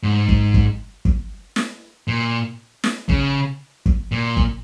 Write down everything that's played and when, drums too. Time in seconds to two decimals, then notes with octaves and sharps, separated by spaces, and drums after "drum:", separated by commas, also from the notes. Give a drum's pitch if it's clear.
0.03 G#2
0.29 drum: kick
0.54 drum: kick
1.05 drum: kick
1.56 drum: snare
2.08 A#2
2.84 drum: snare
3.09 C#3, drum: kick
3.86 drum: kick
4.12 A#2
4.37 drum: kick